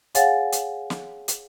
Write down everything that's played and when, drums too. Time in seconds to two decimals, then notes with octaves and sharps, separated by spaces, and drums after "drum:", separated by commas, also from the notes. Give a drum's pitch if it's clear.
0.15 G#4 C#5 F5 F#5 G#5 A6, drum: hi-hat
0.52 drum: hi-hat
0.90 drum: snare
1.28 drum: hi-hat